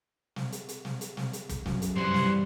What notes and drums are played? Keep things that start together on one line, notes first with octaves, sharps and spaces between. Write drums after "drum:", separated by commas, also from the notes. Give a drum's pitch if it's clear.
drum: snare
drum: hi-hat
drum: hi-hat
drum: snare
drum: hi-hat
drum: snare
drum: hi-hat
drum: kick, hi-hat
F#2, drum: snare
drum: hi-hat
E3 G3 C4 F#5 C6
drum: snare